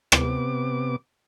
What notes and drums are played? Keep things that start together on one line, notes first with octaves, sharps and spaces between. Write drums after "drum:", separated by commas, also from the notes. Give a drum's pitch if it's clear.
C3 B3 D6, drum: rim click